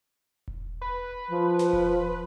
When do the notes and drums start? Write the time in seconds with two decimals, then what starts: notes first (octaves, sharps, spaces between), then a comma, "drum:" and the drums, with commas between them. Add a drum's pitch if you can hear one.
0.48 drum: kick E1
0.82 B4
1.31 F3
1.59 drum: snare
1.73 drum: kick E1